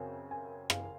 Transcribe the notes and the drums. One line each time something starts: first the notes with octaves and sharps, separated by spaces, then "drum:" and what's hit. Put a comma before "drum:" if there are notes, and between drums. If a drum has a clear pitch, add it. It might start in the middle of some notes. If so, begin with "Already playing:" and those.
Already playing: F#2 C#3 C4 G#5
G#5
F5, drum: rim click